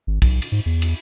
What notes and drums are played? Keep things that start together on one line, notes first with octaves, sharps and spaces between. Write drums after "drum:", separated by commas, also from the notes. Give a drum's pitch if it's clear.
G#1
B1, drum: kick, cymbal
drum: cymbal
G#2
E2
drum: cymbal